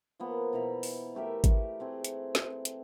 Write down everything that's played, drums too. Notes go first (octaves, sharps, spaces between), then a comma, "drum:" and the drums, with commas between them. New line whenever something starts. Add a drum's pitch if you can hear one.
F3 A#3 B3
B2 E3 A#5 B5
drum: open hi-hat
A3 G4 A#4 E5
drum: kick G#1, hi-hat
A3 C4 G#4
drum: hi-hat
drum: snare
drum: hi-hat